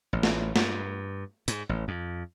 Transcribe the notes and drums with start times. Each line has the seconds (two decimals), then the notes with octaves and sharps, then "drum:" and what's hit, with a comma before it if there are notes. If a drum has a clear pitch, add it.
0.13 A1
0.23 drum: snare
0.56 G2, drum: snare
1.48 G#2, drum: hi-hat
1.69 A1
1.88 F2